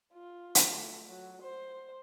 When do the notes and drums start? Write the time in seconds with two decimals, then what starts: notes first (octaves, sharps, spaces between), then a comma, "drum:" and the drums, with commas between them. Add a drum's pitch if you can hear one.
0.14 F4
0.55 drum: hi-hat
0.68 A3
1.09 F#3
1.42 C5